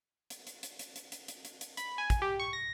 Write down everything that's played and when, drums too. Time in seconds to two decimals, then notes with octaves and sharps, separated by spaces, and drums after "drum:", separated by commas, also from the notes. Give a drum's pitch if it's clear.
0.30 drum: hi-hat
0.47 drum: hi-hat
0.63 drum: hi-hat
0.79 drum: hi-hat
0.96 drum: hi-hat
1.12 drum: hi-hat
1.28 drum: hi-hat
1.45 drum: hi-hat
1.61 drum: hi-hat
1.77 B5, drum: hi-hat
1.98 G#5
2.10 drum: kick, hi-hat
2.22 G4
2.40 C#6
2.53 A#6